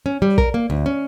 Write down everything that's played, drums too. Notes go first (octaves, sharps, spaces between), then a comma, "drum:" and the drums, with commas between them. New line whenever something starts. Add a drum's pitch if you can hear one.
C#4
G3
A#4, drum: kick
A#3
D2
C#4